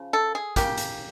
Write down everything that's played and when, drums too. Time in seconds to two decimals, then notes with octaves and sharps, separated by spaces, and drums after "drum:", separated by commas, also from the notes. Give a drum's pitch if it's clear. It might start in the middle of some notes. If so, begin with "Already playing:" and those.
Already playing: C#3 F3
0.13 A4
0.35 G#4
0.56 C#3 F#3 A#3 G4, drum: kick, hi-hat
0.78 drum: hi-hat